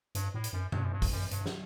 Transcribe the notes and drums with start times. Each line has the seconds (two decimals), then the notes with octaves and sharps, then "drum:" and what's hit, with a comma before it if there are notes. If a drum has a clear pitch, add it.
0.15 G2, drum: hi-hat
0.34 A2
0.44 drum: hi-hat
0.53 F#2
0.72 G2, drum: tom B2
0.84 F#2
0.92 G2
1.02 drum: kick, open hi-hat
1.12 F#2
1.31 G2, drum: hi-hat
1.46 drum: snare